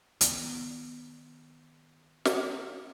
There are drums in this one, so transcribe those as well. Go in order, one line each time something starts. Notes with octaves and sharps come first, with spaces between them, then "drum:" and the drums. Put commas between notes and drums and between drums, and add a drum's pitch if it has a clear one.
D#3 B3, drum: hi-hat
drum: snare